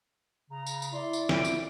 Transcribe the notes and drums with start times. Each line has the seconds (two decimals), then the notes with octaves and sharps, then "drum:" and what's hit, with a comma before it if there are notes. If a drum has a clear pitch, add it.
0.51 C#3 A#5
0.66 drum: tambourine
0.82 drum: tambourine
0.93 E4 D5 C6
1.13 drum: tambourine
1.29 D7, drum: snare
1.45 drum: tambourine